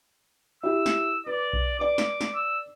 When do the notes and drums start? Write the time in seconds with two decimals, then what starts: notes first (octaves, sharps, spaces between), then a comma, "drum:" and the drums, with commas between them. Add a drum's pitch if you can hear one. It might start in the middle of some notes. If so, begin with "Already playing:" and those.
0.63 E4 G4 E6
0.86 drum: snare
1.27 B4 D5
1.53 drum: kick B1
1.79 B4 D5 D6
1.98 drum: snare
2.21 drum: snare
2.35 E6